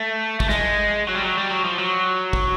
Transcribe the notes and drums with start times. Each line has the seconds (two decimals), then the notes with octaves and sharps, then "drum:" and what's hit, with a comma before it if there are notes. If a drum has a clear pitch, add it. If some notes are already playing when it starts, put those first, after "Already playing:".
Already playing: A3
0.40 A3, drum: kick
0.49 G#3, drum: snare
1.09 F#3
1.15 G3
1.22 F#3
1.37 G3
1.51 F#3
1.65 F3
1.79 F#3
2.33 drum: kick